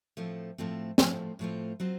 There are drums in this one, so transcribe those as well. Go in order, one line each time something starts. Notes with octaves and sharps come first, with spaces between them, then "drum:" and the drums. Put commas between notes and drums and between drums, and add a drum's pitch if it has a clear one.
A2 F3 A3 C4 F4
A2 F3 A3 C4 F4
A2 F3 A3 C4 F4, drum: snare
A2 F3 A3 C4 F4
F#3 C4 F4 C5